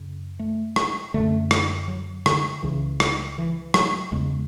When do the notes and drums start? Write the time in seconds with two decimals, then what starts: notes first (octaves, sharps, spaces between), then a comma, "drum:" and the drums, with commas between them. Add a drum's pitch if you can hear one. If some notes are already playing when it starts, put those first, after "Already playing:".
Already playing: F#2 C#3
0.39 A3
0.76 drum: rim click
1.14 F#2 D3 A3
1.51 drum: rim click
1.88 F#3
2.26 D3, drum: rim click
2.63 C#2 C#3 E3
3.00 drum: rim click
3.38 E3
3.74 F#3, drum: rim click
4.12 E2 C#3 G#3